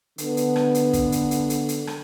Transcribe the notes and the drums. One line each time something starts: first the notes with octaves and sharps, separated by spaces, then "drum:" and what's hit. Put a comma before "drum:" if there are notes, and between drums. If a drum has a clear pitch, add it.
D3 B3, drum: hi-hat
drum: hi-hat
drum: rim click
drum: hi-hat
drum: kick, hi-hat
drum: hi-hat
drum: hi-hat
drum: hi-hat
drum: hi-hat
drum: rim click